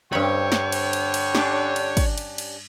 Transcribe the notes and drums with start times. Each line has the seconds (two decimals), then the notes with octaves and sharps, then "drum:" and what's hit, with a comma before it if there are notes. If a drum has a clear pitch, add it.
0.12 G2 D3 C4 C#5 G5 B5 C#6
0.52 drum: snare
0.72 drum: cymbal
0.93 drum: cymbal
1.14 drum: cymbal
1.35 C#4 D4 G4, drum: snare
1.76 drum: cymbal
1.97 drum: kick, cymbal
2.18 drum: cymbal
2.38 drum: cymbal